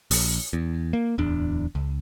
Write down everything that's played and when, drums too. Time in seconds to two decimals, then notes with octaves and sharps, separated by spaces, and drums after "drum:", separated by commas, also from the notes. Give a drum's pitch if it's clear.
0.11 A#1, drum: open hi-hat
0.53 E2
0.93 A#3
1.18 D1 E2 D4
1.75 C#2